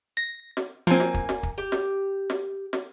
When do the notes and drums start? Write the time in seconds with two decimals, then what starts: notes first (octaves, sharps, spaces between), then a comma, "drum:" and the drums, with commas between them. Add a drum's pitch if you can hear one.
0.17 A#6
0.57 drum: snare
0.87 F3 A#3 C4 G#5
1.00 drum: snare
1.14 drum: kick
1.29 drum: snare
1.43 drum: kick
1.58 G4
1.72 drum: snare
2.30 drum: snare
2.73 drum: snare